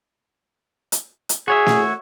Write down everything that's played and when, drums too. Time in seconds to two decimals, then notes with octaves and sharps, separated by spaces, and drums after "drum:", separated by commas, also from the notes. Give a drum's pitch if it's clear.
0.92 drum: hi-hat
1.29 drum: hi-hat
1.48 F#4 G#4 C#5 E5
1.66 drum: snare